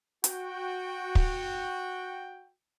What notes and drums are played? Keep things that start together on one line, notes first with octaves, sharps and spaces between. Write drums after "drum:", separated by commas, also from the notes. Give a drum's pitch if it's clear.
F#4 G5, drum: hi-hat
drum: kick